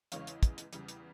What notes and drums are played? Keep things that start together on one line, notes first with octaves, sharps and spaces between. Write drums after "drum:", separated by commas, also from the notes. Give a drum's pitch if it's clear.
E2 C#3 E3 G#3 C#5 F5, drum: hi-hat
drum: hi-hat
drum: kick, hi-hat
drum: hi-hat
E2 C#3 G3, drum: hi-hat
drum: hi-hat